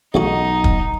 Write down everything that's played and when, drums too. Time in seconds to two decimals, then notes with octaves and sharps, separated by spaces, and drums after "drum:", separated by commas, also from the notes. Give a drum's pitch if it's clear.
0.14 B1 E2 A3 D#4 F#4
0.64 drum: kick